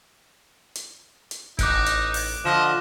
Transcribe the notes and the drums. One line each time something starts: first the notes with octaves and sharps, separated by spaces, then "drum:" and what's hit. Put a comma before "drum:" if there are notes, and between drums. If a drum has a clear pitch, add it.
drum: hi-hat
drum: hi-hat
A1 D#4 D6 F#6 D7, drum: kick F#1, hi-hat
drum: hi-hat
drum: open hi-hat
D3 F3 D#5 E7